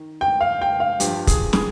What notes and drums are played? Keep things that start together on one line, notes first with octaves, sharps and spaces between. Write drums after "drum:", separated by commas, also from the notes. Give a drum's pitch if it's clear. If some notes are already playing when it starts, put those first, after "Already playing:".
Already playing: D#3
G5
F5
G5
F5
G2 F3 G4, drum: hi-hat
G#4, drum: kick, hi-hat
G#4, drum: snare